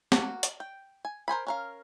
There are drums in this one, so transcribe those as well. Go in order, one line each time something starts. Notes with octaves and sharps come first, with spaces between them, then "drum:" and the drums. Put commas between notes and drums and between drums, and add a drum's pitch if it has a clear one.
A#3 F#4, drum: snare
drum: hi-hat
G5
G#5
A#4 C5 G#5 B5
C#4 A#4 F5